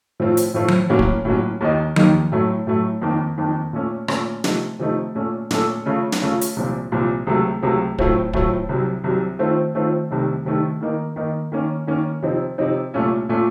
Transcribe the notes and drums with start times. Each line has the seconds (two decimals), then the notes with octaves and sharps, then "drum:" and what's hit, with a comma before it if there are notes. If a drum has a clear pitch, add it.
0.20 A2 F3 A3 C4 F4
0.37 drum: hi-hat
0.54 A2 F3 A3 C4 F4
0.68 drum: tom F3
0.89 A2 F#3 A#3 C#4 F#4
0.99 drum: kick
1.25 A2 F#3 A#3 C#4 F#4
1.61 D#2 D#3 A#3 D#4
1.96 D#2 D#3 A#3 D#4, drum: tom F3
2.32 A2 F#3 A3
2.67 A2 F#3 A3
3.02 F2 D#3 A#3
3.38 F2 D#3 A#3
3.73 A#2 A3 C#4
4.08 A#2 A3 C#4, drum: rim click
4.44 C3 F3 A3 D#4, drum: snare
4.79 C3 F3 A3 D#4
5.15 A#2 A3 C#4 A4
5.51 A#2 A3 C#4 A4, drum: snare
5.86 C#3 A3 C#4 F4
6.12 drum: snare
6.21 C#3 A3 C#4 F4
6.41 drum: hi-hat
6.56 C2 A#2 F3
6.92 C2 A#2 F3
7.27 C#2 C3 F#3 A3
7.62 C#2 C3 F#3 A3
7.99 A2 F#3 A3 C4 F4, drum: kick
8.33 A2 F#3 A3 C4 F4, drum: kick
8.69 C2 C3 F#3
9.04 C2 C3 F#3
9.39 D#3 A3 C4 F4 C5
9.75 D#3 A3 C4 F4 C5
10.11 C2 C3 D#3 A3
10.45 C2 C3 D#3 A3
10.81 D#3 A#3 D#4 A#4
11.16 D#3 A#3 D#4 A#4
11.52 D#3 A#3 C#4
11.87 D#3 A#3 C#4
12.22 C3 F3 C4 D#4
12.58 C3 F3 C4 D#4
12.94 C2 A#2 A3 C#4 F4
13.29 A#2 A3 C#4 F4